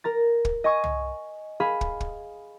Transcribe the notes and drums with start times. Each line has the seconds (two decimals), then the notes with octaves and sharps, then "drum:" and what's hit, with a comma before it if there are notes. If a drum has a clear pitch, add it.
0.04 A#4 A#5 A6
0.45 drum: kick
0.64 D#5 G#5 C#6 D#6
0.84 drum: tom C2
1.60 G#4 F5 B5
1.81 drum: kick
2.00 drum: kick